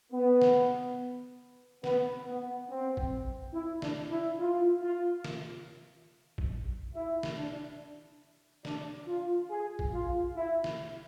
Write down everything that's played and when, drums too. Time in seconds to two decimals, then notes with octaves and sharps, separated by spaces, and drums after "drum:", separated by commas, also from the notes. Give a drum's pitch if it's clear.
0.13 B3
0.42 drum: snare
1.84 B3, drum: snare
2.26 B3
2.69 C4
2.97 drum: kick A1
3.53 E4
3.82 D4, drum: snare
4.11 E4
4.40 F4
4.82 F4
5.24 drum: snare
6.38 drum: kick A1
6.96 E4
7.23 drum: snare
7.37 D4
8.65 D4, drum: snare
9.07 F4
9.50 G#4
9.79 drum: kick A1
9.93 F4
10.36 E4
10.64 drum: snare